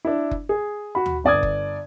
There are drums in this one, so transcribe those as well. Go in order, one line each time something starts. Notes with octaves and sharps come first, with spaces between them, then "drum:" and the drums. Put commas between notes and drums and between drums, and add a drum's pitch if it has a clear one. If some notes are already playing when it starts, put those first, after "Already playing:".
D4 E4
drum: kick F#1
G#4
F#4 B5
drum: tom
G1 D5 D#6 G#6
drum: kick F#1